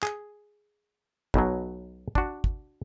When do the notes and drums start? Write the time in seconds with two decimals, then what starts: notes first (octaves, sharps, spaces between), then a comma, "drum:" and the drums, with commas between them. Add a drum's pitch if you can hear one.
0.03 G#4, drum: clap
1.34 B1 B2 F#3, drum: kick
2.15 D4 F#4, drum: kick
2.44 drum: kick